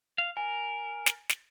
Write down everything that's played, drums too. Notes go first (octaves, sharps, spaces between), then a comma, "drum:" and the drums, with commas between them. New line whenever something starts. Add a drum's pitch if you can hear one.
F5
A#4 G#5
drum: snare
drum: snare